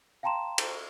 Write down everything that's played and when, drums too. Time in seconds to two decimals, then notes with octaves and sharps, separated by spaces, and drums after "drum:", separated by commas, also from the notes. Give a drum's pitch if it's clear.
0.23 F5 G5 A5 A#5 C6 E7
0.58 drum: cymbal